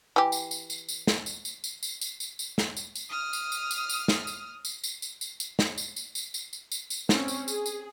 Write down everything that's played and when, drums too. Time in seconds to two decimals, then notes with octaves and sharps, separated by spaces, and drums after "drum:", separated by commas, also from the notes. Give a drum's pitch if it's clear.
0.16 E3 G4
0.32 drum: tambourine
0.51 drum: tambourine
0.70 drum: tambourine
0.89 drum: tambourine
1.07 drum: snare
1.26 drum: tambourine
1.45 drum: tambourine
1.64 drum: tambourine
1.83 drum: tambourine
2.01 drum: tambourine
2.20 drum: tambourine
2.39 drum: tambourine
2.58 drum: snare
2.77 drum: tambourine
2.95 drum: tambourine
3.08 D#6 F6
3.33 drum: tambourine
3.52 drum: tambourine
3.71 drum: tambourine
3.89 drum: tambourine
4.08 drum: snare
4.27 drum: tambourine
4.65 drum: tambourine
4.84 drum: tambourine
5.02 drum: tambourine
5.21 drum: tambourine
5.40 drum: tambourine
5.59 drum: snare
5.78 drum: tambourine
5.96 drum: tambourine
6.15 drum: tambourine
6.34 drum: tambourine
6.53 drum: tambourine
6.72 drum: tambourine
6.90 drum: tambourine
7.09 C4 C#4, drum: snare
7.28 drum: tambourine
7.48 G#4, drum: tambourine
7.66 drum: tambourine